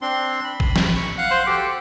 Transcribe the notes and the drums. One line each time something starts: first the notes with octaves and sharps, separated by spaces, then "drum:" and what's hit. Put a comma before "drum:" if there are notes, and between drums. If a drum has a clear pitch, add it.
C4 D4 C6
B5
drum: kick
drum: snare
C#6
F5 F#5 F#6
C5
F#4 G4 A4 G5